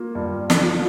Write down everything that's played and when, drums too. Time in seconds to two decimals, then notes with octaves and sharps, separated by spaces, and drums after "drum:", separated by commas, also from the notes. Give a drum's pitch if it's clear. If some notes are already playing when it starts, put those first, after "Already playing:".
Already playing: A#3 F4
0.15 G2
0.50 D4, drum: snare